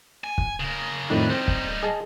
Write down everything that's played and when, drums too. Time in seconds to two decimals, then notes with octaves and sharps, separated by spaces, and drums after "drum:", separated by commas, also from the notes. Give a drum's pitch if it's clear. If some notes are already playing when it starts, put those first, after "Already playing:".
0.24 G#5
0.38 drum: kick
0.60 C#3 A#4
1.10 F2 A2 D#3 D4 B4
1.30 G3 C4 D#4
1.48 drum: kick
1.83 G#4 D#5 A5